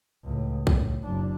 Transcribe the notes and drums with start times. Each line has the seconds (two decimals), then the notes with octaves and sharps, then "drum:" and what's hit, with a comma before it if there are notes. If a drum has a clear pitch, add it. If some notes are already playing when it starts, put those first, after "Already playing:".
0.24 C#2 A2
0.67 A2, drum: kick
1.04 F#1 D4